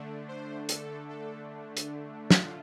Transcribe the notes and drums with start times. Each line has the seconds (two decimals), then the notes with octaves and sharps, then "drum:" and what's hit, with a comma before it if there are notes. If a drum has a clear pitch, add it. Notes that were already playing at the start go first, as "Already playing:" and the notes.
Already playing: D3 A3 D4
0.28 C5
0.69 A4, drum: hi-hat
1.09 A4
1.77 drum: hi-hat
2.30 F4, drum: snare